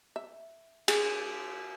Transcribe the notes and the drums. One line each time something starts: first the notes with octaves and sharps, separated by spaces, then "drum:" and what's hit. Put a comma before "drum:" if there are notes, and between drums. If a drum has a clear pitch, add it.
E5
G#4, drum: cymbal